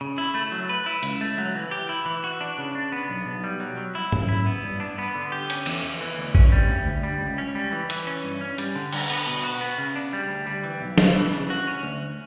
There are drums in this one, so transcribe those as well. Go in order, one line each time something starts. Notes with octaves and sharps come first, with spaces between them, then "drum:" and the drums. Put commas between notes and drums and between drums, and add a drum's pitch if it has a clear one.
C#3
E4
A3
F#3
B4
E4
C#2, drum: hi-hat
A3
F#3
E3
G4
E4
E3
F#4
D4
C#3
D4
B3
B1
B1
G3
F#3
F#3
E4
F#2, drum: tom G#2
E4
B3
G2
D4
B3
D3
G4
C#4, drum: hi-hat
E2, drum: cymbal
E2
E3
D2
C#4, drum: kick G#1
G3
D2
D2
G3
C#2
C#4
G3
E3
E3, drum: hi-hat
C#4
G2
C#4
G3, drum: hi-hat
D3
D3, drum: cymbal
B3
B2
F#4
B3
C#3
D4
G3
D2
G3
E3
B1
A3, drum: snare
E3
C#3
F#4
C#4
D2